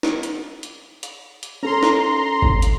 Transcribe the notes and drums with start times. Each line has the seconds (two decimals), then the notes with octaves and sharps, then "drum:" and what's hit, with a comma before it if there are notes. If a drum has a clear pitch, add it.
0.03 drum: snare
0.23 drum: hi-hat
0.63 drum: hi-hat
1.03 drum: hi-hat
1.43 drum: hi-hat
1.63 C#4 A4 A#5 C6
1.83 drum: snare
2.42 drum: kick G#1
2.62 drum: hi-hat